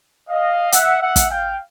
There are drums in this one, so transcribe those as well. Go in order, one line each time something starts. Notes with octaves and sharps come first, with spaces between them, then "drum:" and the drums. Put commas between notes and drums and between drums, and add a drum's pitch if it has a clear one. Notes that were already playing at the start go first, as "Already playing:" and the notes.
D#5 F5
E5 F#5, drum: hi-hat
E5 F#5
drum: kick, hi-hat
F5 G5